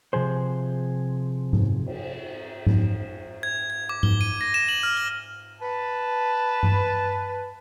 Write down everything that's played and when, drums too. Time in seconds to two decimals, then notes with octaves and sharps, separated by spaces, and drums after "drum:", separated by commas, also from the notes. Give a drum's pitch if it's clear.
0.13 C3 F3 G#4 C5
1.53 drum: tom G#2
1.86 drum: cymbal
2.67 drum: tom G#2
3.43 G#6
3.70 G#6
3.89 D6
4.03 G7, drum: tom G#2
4.21 D#7
4.41 A#6
4.54 E7
4.69 F#7
4.83 F6
4.97 G7
5.62 B4 A5
6.63 drum: tom G2